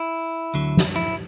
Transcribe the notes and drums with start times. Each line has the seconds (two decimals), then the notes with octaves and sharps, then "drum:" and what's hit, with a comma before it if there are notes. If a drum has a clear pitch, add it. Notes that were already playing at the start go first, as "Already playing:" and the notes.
Already playing: E4
0.54 D2 D3 F#3
0.77 drum: snare
0.96 E4